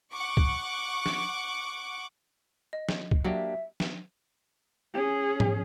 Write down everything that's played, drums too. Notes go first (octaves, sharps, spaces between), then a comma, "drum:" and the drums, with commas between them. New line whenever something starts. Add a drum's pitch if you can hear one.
F#5 C#6 D6
drum: kick C#2
drum: snare
D#5
drum: snare
drum: kick C#2
F#3 A#3 D4 G4 E5
drum: snare
C#4 G#4
drum: tom G#2